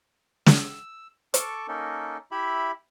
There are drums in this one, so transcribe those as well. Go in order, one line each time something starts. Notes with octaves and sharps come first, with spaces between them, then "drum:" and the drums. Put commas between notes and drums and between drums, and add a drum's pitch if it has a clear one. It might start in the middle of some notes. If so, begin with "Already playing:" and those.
E6, drum: snare
A4 A5 C#6 D6, drum: hi-hat
A#3 C#4 D#4 A4 A#4
E4 G4 E5 B5